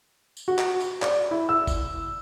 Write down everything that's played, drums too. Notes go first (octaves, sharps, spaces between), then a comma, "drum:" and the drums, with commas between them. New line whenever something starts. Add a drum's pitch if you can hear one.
drum: tambourine
F#4
drum: clap
drum: tambourine
D5, drum: clap
E4
E6
drum: kick G1, tambourine